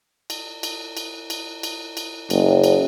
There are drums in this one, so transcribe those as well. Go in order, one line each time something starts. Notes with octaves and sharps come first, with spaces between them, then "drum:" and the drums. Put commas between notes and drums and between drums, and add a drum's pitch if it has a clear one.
drum: cymbal
drum: cymbal
drum: cymbal
drum: cymbal
drum: cymbal
drum: cymbal
F#1, drum: cymbal
drum: cymbal